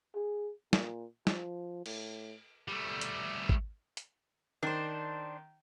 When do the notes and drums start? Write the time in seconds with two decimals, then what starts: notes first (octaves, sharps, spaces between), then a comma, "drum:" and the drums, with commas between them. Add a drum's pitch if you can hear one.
0.15 G#4
0.73 A#2, drum: snare
1.27 F3, drum: snare
1.86 A2, drum: cymbal
2.68 G3 A3
3.01 drum: hi-hat
3.49 drum: kick G#1
3.97 drum: hi-hat
4.63 D#3 D4 C5